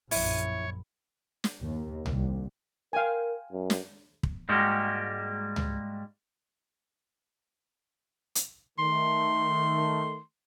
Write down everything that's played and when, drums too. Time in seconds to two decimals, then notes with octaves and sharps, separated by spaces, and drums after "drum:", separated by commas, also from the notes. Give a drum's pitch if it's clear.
0.11 A#1 F#2 E4 C#5, drum: open hi-hat
1.44 drum: snare
1.63 D#2
2.06 C2, drum: tom C#2
2.93 A#4 F5 G5 G#5
3.52 F#2
3.70 drum: snare
4.23 drum: kick
4.49 G#2 G3 G#3 A#3 F#4 G4
5.56 drum: tom C#2
8.35 drum: hi-hat
8.79 D#3 A3 C6